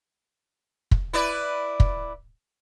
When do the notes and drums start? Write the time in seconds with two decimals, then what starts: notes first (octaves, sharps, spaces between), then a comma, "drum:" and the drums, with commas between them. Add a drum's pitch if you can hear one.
0.91 drum: kick
1.13 E4 B4 D5
1.80 drum: kick